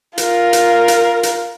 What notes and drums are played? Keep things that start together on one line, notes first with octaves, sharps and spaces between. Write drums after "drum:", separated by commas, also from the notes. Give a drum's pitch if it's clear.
F4 A#4, drum: hi-hat
drum: hi-hat
drum: hi-hat
drum: hi-hat